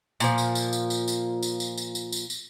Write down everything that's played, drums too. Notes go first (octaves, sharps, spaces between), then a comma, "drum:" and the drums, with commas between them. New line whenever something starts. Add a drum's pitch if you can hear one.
A#2 F3, drum: tambourine
drum: tambourine
drum: tambourine
drum: tambourine
drum: tambourine
drum: tambourine
drum: tambourine
drum: tambourine
drum: tambourine
drum: tambourine
drum: tambourine
drum: tambourine